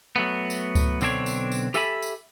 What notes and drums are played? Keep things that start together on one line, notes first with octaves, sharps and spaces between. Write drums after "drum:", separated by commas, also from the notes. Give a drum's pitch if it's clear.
F#3 A3 B3
drum: tambourine
drum: kick C#2, tambourine
B1 D3 C4 D4 C#5, drum: tambourine
drum: tambourine
drum: tambourine
G4 A4 E5 G#5 A5 B5, drum: tambourine
drum: tambourine